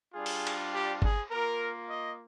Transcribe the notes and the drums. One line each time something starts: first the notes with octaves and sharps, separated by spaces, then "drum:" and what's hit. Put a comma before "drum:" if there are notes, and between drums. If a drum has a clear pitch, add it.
G3 D4 F4 G#4
drum: open hi-hat
drum: cymbal
G4
G#4, drum: kick G1
A#3 F4 A#4
D#5